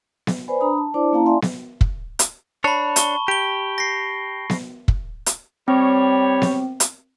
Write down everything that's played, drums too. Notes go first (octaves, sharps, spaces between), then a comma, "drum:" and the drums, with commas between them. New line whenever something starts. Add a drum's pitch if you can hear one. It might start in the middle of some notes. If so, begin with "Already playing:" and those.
drum: snare B3
B4 C5 D5 G#5 B5
D4 A#5 B5 D#6
A5
D4 E4 C5 D5 A5 D6
A#3 C#4 E4 F5 A5 A#5
D5 E5 F5 G#5 C6
drum: snare B3
drum: kick
drum: hi-hat
D4 C#5 A5 B5
A5 C#6 G7, drum: hi-hat
G4 D7 G7
A#6 C7
drum: snare B3
drum: kick
drum: hi-hat
G3 C4 C#5
drum: snare B3
drum: hi-hat